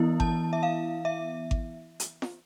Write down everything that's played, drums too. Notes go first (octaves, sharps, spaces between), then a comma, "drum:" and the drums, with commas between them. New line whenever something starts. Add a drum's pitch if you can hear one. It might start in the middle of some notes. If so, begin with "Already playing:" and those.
Already playing: E3 B3 E4
A5, drum: kick G#1
E5
F5
E5
drum: kick G#1
drum: hi-hat
drum: snare F4